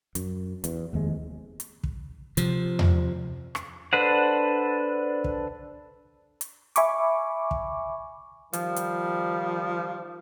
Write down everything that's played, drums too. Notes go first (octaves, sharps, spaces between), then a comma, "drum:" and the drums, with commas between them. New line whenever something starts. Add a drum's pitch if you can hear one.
F#2, drum: hi-hat
E2, drum: hi-hat
F1 D#2 C3 G#3
drum: hi-hat
drum: kick
C3 F3, drum: hi-hat
drum: tom E2
drum: rim click
D4 A4 B4 C5 F#5
drum: kick
drum: hi-hat
E5 G#5 B5 C#6 D6, drum: hi-hat
drum: kick
D#3 F3 G3, drum: hi-hat
drum: hi-hat